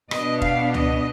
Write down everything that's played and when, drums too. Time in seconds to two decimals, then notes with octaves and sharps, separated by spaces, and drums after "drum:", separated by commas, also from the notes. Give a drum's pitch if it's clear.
0.11 B2 B3 D4 D#5, drum: rim click
0.42 F5, drum: kick
0.74 D#5, drum: tom C#2